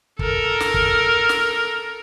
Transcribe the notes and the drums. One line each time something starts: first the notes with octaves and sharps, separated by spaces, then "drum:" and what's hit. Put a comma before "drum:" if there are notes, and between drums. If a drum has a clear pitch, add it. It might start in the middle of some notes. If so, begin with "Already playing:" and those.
A4 A#4, drum: kick
drum: snare
drum: kick
drum: snare